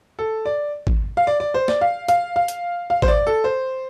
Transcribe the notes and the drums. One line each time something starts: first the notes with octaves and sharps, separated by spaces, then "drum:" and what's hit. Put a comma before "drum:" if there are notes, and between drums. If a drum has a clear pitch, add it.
A4
D5
drum: kick
F5
D5
D5
C5
D5, drum: snare
F5
F5, drum: hi-hat
F5
drum: hi-hat
F5
C5, drum: kick
D5
A4
C5